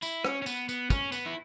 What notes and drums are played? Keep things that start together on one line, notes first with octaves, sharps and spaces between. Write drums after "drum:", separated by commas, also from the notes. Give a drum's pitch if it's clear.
E4, drum: tambourine
C#4, drum: rim click
C#4
B3, drum: tambourine
B3, drum: tambourine
C#4, drum: kick, tambourine
B3, drum: tambourine
E4